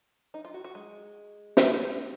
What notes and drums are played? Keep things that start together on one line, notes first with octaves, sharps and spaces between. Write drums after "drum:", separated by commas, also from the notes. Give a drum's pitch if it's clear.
D#4
F4
F#4
F#4
G#3
drum: snare